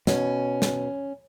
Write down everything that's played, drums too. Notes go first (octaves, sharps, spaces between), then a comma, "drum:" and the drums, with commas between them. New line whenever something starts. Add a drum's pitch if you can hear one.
B2 C#4, drum: snare
drum: snare